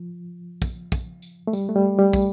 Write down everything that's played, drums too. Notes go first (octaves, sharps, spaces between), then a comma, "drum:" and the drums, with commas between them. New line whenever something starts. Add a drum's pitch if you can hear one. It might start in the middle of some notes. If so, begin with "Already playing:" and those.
Already playing: F3
drum: kick, tambourine
drum: kick, tambourine
drum: tambourine
A3
G3, drum: tambourine
A3
G3
G3
drum: kick, tambourine